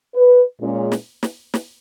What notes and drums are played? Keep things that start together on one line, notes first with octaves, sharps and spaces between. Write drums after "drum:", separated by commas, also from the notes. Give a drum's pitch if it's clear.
B4
A#2 G#3 C#4
drum: snare
drum: snare
drum: snare